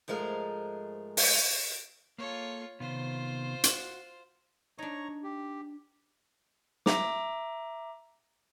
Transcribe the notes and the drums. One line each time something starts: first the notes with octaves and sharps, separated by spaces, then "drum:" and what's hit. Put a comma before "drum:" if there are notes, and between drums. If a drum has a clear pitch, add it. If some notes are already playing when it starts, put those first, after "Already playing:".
G#2 F3 G#3 A3 A#4
drum: open hi-hat
A#3 F4 A4 C#5
C3 D#3 B3 F4 C5
F#4, drum: hi-hat
D4 D#4 C#5 A#5 C#6
G4
E5 A#5 D6, drum: snare